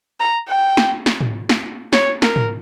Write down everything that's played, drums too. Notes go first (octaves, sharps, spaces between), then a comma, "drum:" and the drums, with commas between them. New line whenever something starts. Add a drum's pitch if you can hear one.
A#5
G5
drum: snare
drum: snare
drum: tom
drum: snare
C#5, drum: snare
A#4, drum: snare
drum: tom